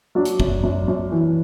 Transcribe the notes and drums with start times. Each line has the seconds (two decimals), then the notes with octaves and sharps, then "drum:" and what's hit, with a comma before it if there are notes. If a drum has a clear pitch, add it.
0.15 F#3 D4
0.25 drum: hi-hat
0.40 F#2, drum: kick G1
0.63 F#2
0.88 F#2
1.12 E3